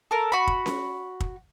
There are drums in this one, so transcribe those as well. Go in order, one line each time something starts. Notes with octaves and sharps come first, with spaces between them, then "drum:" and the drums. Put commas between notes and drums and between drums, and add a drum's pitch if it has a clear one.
A4 A#4
F#4 B5
drum: kick
drum: snare C#4
drum: kick